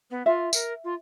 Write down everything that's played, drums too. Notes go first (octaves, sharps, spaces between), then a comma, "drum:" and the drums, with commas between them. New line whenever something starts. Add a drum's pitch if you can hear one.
B3
F4 E5
A#4, drum: tambourine
F4